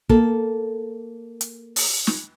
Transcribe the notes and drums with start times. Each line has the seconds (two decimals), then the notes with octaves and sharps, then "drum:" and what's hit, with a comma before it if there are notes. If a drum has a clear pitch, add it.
0.09 A#3 A4, drum: kick
1.41 drum: hi-hat
1.76 drum: open hi-hat
2.07 drum: snare